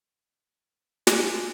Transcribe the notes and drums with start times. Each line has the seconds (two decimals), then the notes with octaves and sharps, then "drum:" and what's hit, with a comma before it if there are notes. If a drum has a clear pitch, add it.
1.07 G#5, drum: snare